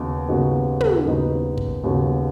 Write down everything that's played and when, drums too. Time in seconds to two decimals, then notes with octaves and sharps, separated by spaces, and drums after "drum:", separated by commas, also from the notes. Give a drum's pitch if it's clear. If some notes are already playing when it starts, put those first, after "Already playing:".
Already playing: D#2 C#3 B3 D#4 F#4
0.28 D#2 C#3 B3 D#4 F#4
0.80 drum: tom
1.06 D#2 C#3 B3 D#4 F#4
1.58 drum: kick
1.84 D#2 C#3 B3 D#4 F#4